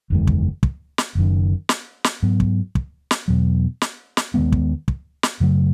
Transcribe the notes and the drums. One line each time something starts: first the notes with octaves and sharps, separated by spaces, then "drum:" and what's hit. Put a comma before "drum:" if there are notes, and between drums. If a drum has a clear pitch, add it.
F#1 E2 D#3 G#3
drum: kick
drum: kick
drum: snare
F#1 F#2 D#3
drum: snare
drum: snare
G#2 F#3 B3
drum: kick
drum: kick
drum: snare
E2 B2 F#3
drum: snare
drum: snare
D#2 D#3 G#3 B3
drum: kick
drum: kick
drum: snare
F#2 C#3 F#3 A3